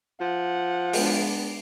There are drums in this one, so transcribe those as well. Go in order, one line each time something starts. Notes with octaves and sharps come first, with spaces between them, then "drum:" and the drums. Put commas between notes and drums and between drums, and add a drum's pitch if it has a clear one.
F3 F#5
G#3 B3 D4, drum: open hi-hat